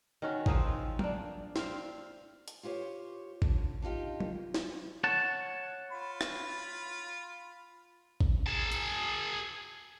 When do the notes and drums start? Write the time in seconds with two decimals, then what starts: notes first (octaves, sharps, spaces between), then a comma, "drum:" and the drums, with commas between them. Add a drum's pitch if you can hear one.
0.22 D#3 C#4 F#4
0.46 F3 C4 D#4 G#4, drum: kick A1
0.99 A#3 D4, drum: tom F#3
1.56 C4 F5, drum: snare
2.48 drum: hi-hat
2.63 F4 G4 C5 C#5
3.42 D3, drum: kick A1
3.82 D4 D#4 F4 G4
4.20 drum: tom F#3
4.54 drum: snare
5.04 C#5 F#5 A5
5.91 F4 B5
6.21 drum: rim click
8.21 drum: kick A1
8.46 G#4 A5
8.72 drum: hi-hat